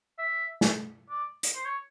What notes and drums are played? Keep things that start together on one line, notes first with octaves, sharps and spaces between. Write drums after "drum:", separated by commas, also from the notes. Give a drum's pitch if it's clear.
E5
drum: snare
D5
drum: hi-hat
C5
C#5